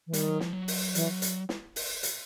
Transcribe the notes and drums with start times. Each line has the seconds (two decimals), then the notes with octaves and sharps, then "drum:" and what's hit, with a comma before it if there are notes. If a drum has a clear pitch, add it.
0.07 E3
0.13 D#3 G3, drum: hi-hat
0.27 F#3
0.40 F3, drum: snare
0.53 F#3
0.68 drum: open hi-hat
0.95 E3, drum: hi-hat
1.22 drum: hi-hat
1.49 drum: snare
1.76 drum: open hi-hat
2.03 drum: hi-hat